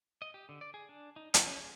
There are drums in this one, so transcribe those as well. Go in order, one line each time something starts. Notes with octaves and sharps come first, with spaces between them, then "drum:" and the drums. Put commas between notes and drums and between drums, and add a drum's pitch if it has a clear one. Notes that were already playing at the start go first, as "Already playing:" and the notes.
D#5
G4
D3
D5
G#4
D4
D#4
F#5, drum: hi-hat
C#4
G#4